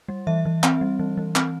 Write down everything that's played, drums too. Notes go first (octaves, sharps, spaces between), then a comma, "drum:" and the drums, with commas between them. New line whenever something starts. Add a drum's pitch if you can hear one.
G3
E3 E5
E3
C4, drum: clap
G3
E3
E3
C4, drum: clap